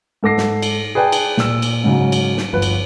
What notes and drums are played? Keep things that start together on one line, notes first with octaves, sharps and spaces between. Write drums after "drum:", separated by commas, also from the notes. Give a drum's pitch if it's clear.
G#2 A4 D6 A#6 C7
drum: snare
drum: cymbal
G#4 B4 D5 G5 A5
drum: cymbal
A#2 E6, drum: snare
drum: cymbal
G#2 C#3 F#3
drum: cymbal
drum: snare
G1 F3 B4
drum: cymbal